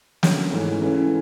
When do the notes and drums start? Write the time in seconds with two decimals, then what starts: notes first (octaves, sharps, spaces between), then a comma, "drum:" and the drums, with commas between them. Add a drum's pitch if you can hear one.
0.23 D3 F#3 C#4, drum: snare
0.52 G#2 E3 A3
0.81 C#3 E3 A3 C#4